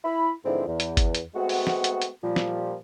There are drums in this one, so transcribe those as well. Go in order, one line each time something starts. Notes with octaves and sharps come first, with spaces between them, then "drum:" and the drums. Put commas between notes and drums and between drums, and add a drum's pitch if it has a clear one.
E4 B5
G#2 D3 E3 F3 C4 E4
E2
drum: hi-hat
drum: kick G1, hi-hat
drum: hi-hat
G#3 A3 B3 C4 F#4
drum: open hi-hat
drum: snare
drum: hi-hat
drum: hi-hat
A#2 F3 G3
drum: snare